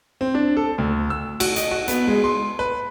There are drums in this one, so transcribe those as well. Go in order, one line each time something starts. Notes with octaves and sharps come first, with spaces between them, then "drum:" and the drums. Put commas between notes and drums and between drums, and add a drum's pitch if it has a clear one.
C4
D4
A4
D2
E6
F#4, drum: cymbal
D#5, drum: hi-hat
F#4
B3, drum: hi-hat
G#3
C6
B4